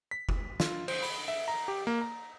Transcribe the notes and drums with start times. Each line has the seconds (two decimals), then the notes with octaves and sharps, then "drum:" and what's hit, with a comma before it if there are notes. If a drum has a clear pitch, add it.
0.11 B6
0.29 drum: kick F#1
0.60 F4, drum: snare
0.88 C5, drum: cymbal
1.03 B5, drum: open hi-hat
1.28 E5
1.48 A#5
1.68 G4
1.87 A#3
2.01 A#5